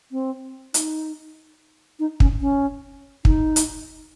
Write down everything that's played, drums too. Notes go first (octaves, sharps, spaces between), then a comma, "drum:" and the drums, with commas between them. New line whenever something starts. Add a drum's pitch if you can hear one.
C4
D#4, drum: hi-hat
D#4
C#4, drum: kick
C#4
D#4, drum: kick
drum: hi-hat